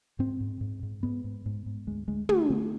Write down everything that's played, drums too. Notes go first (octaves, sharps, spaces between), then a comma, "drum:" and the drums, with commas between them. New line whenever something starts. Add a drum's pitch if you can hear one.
G#2 C4
G#2
G#2
G#2
G#2 B3
G#2
G#2
G#2
D2 G#3
D2 G#3
D3 A3, drum: tom
D3 A3